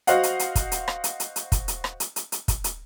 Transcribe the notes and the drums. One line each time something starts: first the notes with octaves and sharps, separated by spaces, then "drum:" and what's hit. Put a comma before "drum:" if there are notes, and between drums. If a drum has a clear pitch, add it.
F#4 C5 D#5 F5 F#5, drum: hi-hat
drum: hi-hat
drum: hi-hat
drum: kick, hi-hat
drum: hi-hat
drum: rim click
drum: hi-hat
drum: hi-hat
drum: hi-hat
drum: kick, hi-hat
drum: hi-hat
drum: rim click
drum: hi-hat
drum: hi-hat
drum: hi-hat
drum: kick, hi-hat
drum: hi-hat